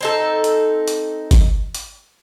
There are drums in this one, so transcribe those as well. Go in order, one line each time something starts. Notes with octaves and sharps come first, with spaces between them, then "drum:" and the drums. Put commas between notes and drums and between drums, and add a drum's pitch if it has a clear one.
C4 D#4 A4
drum: hi-hat
drum: hi-hat
drum: kick G1, hi-hat
drum: hi-hat